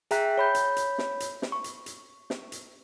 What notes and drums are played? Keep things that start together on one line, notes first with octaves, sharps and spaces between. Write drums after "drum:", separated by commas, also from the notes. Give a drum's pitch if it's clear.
G#4 E5 G5 A#5 F#6 B6, drum: hi-hat
C#5 B5 G6
drum: hi-hat
drum: hi-hat
drum: snare
drum: hi-hat
drum: snare
C#6
drum: hi-hat
drum: hi-hat
drum: snare
drum: hi-hat